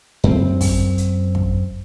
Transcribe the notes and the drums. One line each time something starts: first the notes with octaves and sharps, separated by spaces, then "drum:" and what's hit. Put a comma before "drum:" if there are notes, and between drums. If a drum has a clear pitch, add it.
F#2 C4
drum: kick, open hi-hat
drum: hi-hat
drum: kick